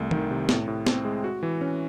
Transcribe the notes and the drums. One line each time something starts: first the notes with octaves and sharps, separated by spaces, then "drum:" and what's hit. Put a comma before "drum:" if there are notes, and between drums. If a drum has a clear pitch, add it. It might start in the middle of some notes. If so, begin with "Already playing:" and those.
Already playing: C2 A3
D#3, drum: tom D#3
C3
A2, drum: snare
A2
C4, drum: snare
G#3
F#4
E3
C#4